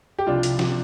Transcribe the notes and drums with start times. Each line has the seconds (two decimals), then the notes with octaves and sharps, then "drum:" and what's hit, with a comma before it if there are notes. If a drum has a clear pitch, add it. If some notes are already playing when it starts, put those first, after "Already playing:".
0.19 G4
0.26 C2 C3 F3 D4 F4
0.43 drum: hi-hat
0.59 C3 F3, drum: snare